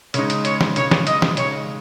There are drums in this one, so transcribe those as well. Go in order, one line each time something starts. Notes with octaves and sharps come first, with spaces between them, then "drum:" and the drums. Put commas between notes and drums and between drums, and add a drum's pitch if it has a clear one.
C#3 G#3 D#4 C#5, drum: hi-hat
drum: hi-hat
C#5, drum: hi-hat
drum: snare
C#3 G#3 D#4 C#5, drum: hi-hat
drum: snare
D#5, drum: hi-hat
drum: snare
C#3 G#3 D#4 C#5, drum: hi-hat